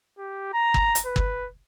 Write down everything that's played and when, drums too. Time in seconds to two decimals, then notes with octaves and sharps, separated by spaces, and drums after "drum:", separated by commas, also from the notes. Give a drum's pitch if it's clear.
0.18 G4
0.53 A#5
0.74 drum: kick
0.95 drum: hi-hat
1.06 B4
1.16 drum: kick